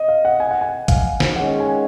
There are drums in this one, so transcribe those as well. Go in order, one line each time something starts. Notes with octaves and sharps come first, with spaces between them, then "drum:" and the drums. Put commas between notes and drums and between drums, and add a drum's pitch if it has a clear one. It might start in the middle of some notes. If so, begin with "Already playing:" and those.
Already playing: D#5
F5
F#5
G#5
F#5
G#5
F5, drum: kick, hi-hat
drum: snare
D#3 G#3 C#4 F#5
G#5